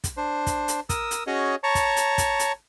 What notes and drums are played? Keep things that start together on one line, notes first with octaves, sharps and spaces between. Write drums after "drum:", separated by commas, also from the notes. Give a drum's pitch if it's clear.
drum: kick, hi-hat
D4 C5
drum: kick, hi-hat
drum: hi-hat
A#4 D#6 E6, drum: kick, hi-hat
drum: hi-hat
C#4 F#4 G#4 C#5 D#5
C#5 A5 A#5 C#6
drum: kick, hi-hat
drum: hi-hat
drum: kick, hi-hat
drum: hi-hat